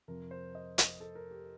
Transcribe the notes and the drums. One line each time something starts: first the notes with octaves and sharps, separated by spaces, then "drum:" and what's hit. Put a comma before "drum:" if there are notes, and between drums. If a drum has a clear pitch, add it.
F2 C3 F3 A#4
C5
D#5
D#5, drum: hi-hat
A4
A#4
G4